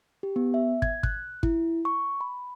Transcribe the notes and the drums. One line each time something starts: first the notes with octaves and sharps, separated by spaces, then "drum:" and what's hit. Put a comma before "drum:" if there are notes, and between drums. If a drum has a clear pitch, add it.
G4
B3
E5
G#6, drum: kick
F#6, drum: kick
E4, drum: kick
C#6
B5